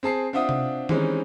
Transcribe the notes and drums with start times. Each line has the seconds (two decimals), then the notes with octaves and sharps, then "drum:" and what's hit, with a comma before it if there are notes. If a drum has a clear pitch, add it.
0.03 C4 G#4 A5 C7
0.33 C4 D4 F4 E5 F#5 D#6
0.49 drum: tom C3
0.89 E3 G3 G#3 C4 C#4 D#4, drum: tom D#3